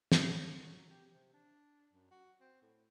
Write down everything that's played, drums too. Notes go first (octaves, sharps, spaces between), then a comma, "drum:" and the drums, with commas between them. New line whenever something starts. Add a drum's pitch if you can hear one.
drum: snare
F#3
D4
F#3
G4
C3
D4
F#2
F#4
C4
A2